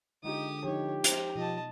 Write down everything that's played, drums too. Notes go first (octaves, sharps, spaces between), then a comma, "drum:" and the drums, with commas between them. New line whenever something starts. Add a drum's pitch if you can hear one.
D3 G#3 D#4 F4 G4 D#6
F3 D#4 G4 C#5
C5 A#5, drum: hi-hat
B2 F3 D#5 A5